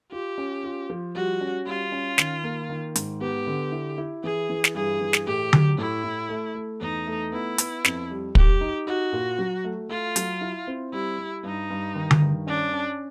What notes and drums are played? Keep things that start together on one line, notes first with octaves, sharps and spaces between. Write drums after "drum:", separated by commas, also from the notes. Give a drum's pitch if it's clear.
F4 G4
C#4
F4
F3
G3 F#4
C#4
G3 F4
C#4
D#3, drum: snare
A#3
D#3
G#2, drum: hi-hat
B3 G4
D3
E4
E4
E3 G#4
E3
drum: snare
G2 G#4
E3
drum: snare
A2 G4
F#3, drum: tom D3
A2 E4
A2
A3
A3
E2 D#4
A3
B3 E4
B3, drum: hi-hat
F2, drum: snare
G3
G3 G4, drum: kick
D#4
D#4 F#4
A#2
F#3
A3
A3 F4
F#3, drum: hi-hat
E4
C4
G3 E4
G3
G2 D#4
G2
D#3
drum: tom D3
G2
C#4 D4
C#4